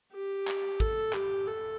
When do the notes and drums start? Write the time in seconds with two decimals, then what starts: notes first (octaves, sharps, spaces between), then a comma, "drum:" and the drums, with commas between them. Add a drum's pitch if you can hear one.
0.14 G4
0.48 drum: clap
0.80 A4, drum: kick
1.13 G4, drum: clap
1.47 A4